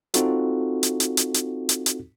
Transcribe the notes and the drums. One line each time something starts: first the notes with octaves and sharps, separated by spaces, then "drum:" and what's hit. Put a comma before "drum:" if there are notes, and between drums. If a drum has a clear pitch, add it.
C4 D#4 F4 F#4 A4, drum: hi-hat
drum: hi-hat
drum: hi-hat
drum: hi-hat
drum: hi-hat
drum: hi-hat
drum: hi-hat